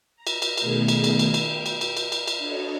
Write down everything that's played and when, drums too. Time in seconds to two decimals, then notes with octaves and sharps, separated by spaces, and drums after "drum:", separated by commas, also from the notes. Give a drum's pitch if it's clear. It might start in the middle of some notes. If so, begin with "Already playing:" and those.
0.16 A#5
0.27 drum: cymbal
0.42 drum: cymbal
0.57 B2 D#3 A3 B3 G#4 A#4, drum: cymbal
0.88 drum: cymbal
1.04 drum: cymbal
1.19 drum: cymbal
1.34 G5, drum: cymbal
1.66 drum: cymbal
1.81 drum: cymbal
1.97 drum: cymbal
2.12 drum: cymbal
2.28 drum: cymbal
2.38 D4 F#4 A4 C#5 D#5